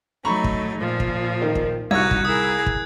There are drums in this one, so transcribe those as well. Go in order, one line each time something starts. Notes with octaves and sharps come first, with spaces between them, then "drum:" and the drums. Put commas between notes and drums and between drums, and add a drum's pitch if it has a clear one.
F#3 A3 D#4 A#5 B5 C#6
drum: kick
A#2 F3
drum: kick
D#3
drum: kick
C2 D#4 F#4 C#6 F#6 G#6
drum: kick
E4 G#4 A#4 D#6
drum: kick